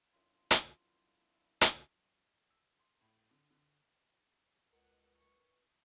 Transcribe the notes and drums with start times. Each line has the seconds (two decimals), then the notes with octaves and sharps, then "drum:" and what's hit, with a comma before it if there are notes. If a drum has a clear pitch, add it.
0.13 F#2 B3 D4 E4 F4 C6
0.51 drum: hi-hat
1.61 drum: hi-hat
2.50 E6
2.79 C6
3.01 A2
3.31 D3
3.51 D3
4.73 C#2 A#4 B4 D#5 F#5
5.14 C#6